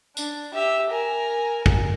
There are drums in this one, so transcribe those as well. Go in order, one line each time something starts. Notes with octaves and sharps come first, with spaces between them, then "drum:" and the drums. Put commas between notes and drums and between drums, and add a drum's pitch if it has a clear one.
D4, drum: tambourine
G4 E5
A#4 G#5
drum: kick